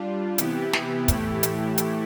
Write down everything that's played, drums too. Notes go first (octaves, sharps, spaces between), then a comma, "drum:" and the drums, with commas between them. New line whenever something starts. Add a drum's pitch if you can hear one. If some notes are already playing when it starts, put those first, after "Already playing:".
Already playing: G3 D4 F4
C3 E3 B3 E4 G4, drum: hi-hat
drum: snare
A2 E3 A3 E4 G4, drum: kick, hi-hat
drum: hi-hat
drum: hi-hat